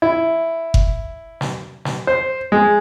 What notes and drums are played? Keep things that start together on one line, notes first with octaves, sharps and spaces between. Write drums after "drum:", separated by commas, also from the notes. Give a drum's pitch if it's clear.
E4
drum: kick F#1
drum: snare
drum: snare
C5
G#3